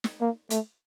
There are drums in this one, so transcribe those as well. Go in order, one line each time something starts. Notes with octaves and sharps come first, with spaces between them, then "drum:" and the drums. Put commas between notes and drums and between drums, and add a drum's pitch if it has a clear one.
drum: snare
A#3
A3, drum: hi-hat